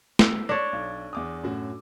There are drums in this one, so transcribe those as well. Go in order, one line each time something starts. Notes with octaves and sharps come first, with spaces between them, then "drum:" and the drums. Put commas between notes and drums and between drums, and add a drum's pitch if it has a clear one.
E6, drum: snare
D4 C#5 A6 A#6
B1
E2 D6 D#6
F#2 A2 F#4